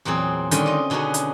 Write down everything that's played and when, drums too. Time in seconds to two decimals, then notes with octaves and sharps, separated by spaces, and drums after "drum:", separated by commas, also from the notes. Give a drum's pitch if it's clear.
0.05 E2 A#2 F#3 C4 G#4
0.51 D3 D#3 G3 C4 C#4, drum: hi-hat
0.66 F4 D#5
0.90 B2 D3 C#4 D#4 F#4 G#4
1.14 drum: hi-hat